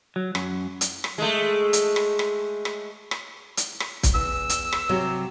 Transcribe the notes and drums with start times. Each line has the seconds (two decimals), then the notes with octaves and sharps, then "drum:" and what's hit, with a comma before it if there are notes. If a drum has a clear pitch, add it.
0.16 F#3
0.35 F#2, drum: rim click
0.81 drum: hi-hat
1.04 drum: rim click
1.18 G#3 A3
1.73 drum: hi-hat
1.96 drum: rim click
2.19 drum: rim click
2.65 drum: rim click
3.11 drum: rim click
3.57 drum: hi-hat
3.80 drum: rim click
4.03 drum: kick, hi-hat
4.15 E2 G2 E6
4.49 drum: hi-hat
4.72 drum: rim click
4.89 C3 F#3 G4